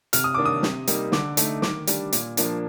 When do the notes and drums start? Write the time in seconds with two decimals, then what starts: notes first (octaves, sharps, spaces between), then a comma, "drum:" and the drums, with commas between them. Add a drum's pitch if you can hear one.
0.13 C3 F6, drum: hi-hat
0.24 D#6
0.34 D#3 A#3 D4 D6
0.45 D#6
0.63 C3, drum: snare
0.88 G3 A#3 D#4, drum: hi-hat
1.12 D3 D6, drum: snare
1.37 A3 D#4, drum: hi-hat
1.62 D#3 D6, drum: snare
1.87 G3 D4, drum: hi-hat
2.13 A#2, drum: hi-hat
2.37 F3 A#3 D4, drum: hi-hat